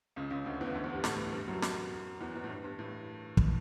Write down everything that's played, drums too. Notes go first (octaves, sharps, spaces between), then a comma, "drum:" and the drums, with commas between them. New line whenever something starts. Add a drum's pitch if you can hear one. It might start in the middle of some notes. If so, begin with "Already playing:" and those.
C#2 C#3
C#2 C#3
D2 D3
E2 E3
D2 D3
E2 E3
G2 G3
A2 A3, drum: snare
G2 G3
F#2 F#3
drum: snare
E2 E3
E2 E3
A2
G2
G2
A2
drum: kick